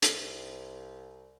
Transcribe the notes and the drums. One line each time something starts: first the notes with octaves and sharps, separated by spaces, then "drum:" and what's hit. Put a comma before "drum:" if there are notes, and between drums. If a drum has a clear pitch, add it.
C2, drum: hi-hat